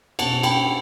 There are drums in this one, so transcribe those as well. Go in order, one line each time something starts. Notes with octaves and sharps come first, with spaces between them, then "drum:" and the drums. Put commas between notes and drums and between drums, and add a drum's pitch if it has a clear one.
B2 F#5 A5, drum: cymbal
G5 B5, drum: cymbal